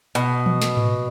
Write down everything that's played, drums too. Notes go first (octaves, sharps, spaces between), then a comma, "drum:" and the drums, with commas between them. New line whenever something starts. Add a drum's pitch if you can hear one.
B2, drum: hi-hat
drum: tom E3
drum: snare
drum: tom G#2